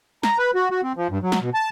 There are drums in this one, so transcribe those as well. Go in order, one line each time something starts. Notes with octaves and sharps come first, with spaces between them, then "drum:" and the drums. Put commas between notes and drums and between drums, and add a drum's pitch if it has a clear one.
A#5, drum: snare
B4
F#4
F#4
C4
F3
G2
F#3
drum: snare
B2
A5